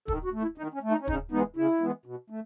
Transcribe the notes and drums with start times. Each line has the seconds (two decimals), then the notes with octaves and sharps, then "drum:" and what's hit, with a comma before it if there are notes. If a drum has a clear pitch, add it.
0.08 D#3 A4, drum: kick
0.24 F#4
0.33 A3
0.42 E4
0.58 D#3 D#4
0.74 C#4
0.83 A3
0.91 D#4
1.01 C#4
1.08 C#3 D#4, drum: kick
1.31 E3 G#3 B3 D#4
1.56 C#3 E4
1.81 E3 G#3 B3
2.05 B2
2.30 A3